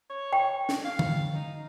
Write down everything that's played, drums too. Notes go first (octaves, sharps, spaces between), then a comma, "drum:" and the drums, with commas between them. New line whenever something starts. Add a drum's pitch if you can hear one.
C#5
G5
drum: snare
F5
drum: tom D3
D#4